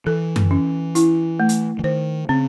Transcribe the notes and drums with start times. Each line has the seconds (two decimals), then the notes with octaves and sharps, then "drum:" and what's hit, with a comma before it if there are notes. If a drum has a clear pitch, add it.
0.06 E3 A4
0.36 drum: tom F#2
0.51 C#4
0.95 E4, drum: hi-hat
1.40 A3
1.49 drum: hi-hat
1.79 E3
1.84 D#3 C5
2.29 C#3 C4